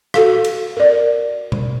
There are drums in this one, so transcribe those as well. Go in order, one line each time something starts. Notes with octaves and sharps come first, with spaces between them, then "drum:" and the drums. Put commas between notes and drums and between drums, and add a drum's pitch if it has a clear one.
F#4 A4 F5, drum: rim click
drum: cymbal
A#4 D5
drum: tom B2